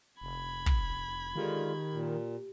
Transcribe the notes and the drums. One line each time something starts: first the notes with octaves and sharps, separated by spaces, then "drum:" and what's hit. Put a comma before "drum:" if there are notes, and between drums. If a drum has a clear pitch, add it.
F1 B5 G#6
drum: kick
D3 D#3 G#3 F4 G4
A#2